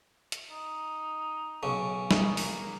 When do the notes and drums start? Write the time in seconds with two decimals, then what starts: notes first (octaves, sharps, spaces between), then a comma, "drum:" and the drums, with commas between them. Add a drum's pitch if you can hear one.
0.32 drum: hi-hat
0.51 D#4
1.63 B1 C#3
2.11 D#4, drum: snare
2.37 A#3, drum: open hi-hat